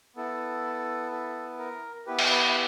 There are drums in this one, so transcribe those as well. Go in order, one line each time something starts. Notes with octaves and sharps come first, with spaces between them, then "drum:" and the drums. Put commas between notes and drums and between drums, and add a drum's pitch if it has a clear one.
B3 E4 A4
A4
A#4
B3 E4 G4 B4
drum: cymbal
B4